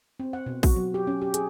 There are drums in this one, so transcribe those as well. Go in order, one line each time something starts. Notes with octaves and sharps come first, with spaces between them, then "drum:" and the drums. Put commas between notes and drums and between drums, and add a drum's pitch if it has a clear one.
C4
F#5
B2
F#4, drum: kick A#1, open hi-hat
F#3
G4
C#4
G4
G#4, drum: hi-hat